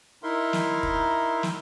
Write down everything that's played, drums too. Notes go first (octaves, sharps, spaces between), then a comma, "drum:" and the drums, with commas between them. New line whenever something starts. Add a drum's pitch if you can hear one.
D#4 E4 A#4 E5 C6
drum: snare
drum: kick
drum: snare